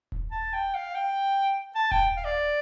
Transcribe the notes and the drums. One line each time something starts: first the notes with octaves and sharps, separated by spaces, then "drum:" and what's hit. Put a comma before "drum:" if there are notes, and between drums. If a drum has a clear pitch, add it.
drum: kick D#1
A5
G5
F5
G5
A5
G5, drum: kick D#1
F5
D5